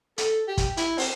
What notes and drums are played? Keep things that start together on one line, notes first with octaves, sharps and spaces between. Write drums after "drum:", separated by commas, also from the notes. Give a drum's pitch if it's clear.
A4, drum: hi-hat
G4
drum: kick, hi-hat
E4, drum: hi-hat
C4, drum: open hi-hat